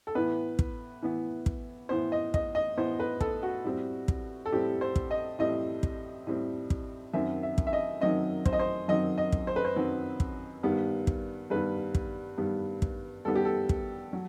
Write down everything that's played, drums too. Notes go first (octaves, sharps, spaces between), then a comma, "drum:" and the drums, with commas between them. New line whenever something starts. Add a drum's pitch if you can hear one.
A4
A2 E3 B3 B4
drum: kick
A2 E3 B3
drum: kick
A2 E3 B3 C5
D#5
D#5, drum: kick
D#5
A2 E3 B3 C5
B4
A4, drum: kick
F#4
A2 G3 C4
drum: kick
A4
A2 G3 C4 G4
C5
drum: kick
D#5
A2 G3 C4 D#5
drum: kick
A2 G3 C4
drum: kick
F#2 D#3 F#3 C4 E5
E5
drum: kick
E5
D#5
F#2 D#3 F#3 C4 D#5
C5, drum: kick
D#5
C5
F#2 D#3 F#3 C4 D#5
D#5
drum: kick
C5
B4
C5
F#2 D#3 F#3 C4
drum: kick
G2 D#3 G3 B3
drum: kick
G2 D#3 G3 B3 B4
drum: kick
G2 D#3 G3 B3
drum: kick
G2 D#3 G3 B3 A4
G4
A4
drum: kick
F#3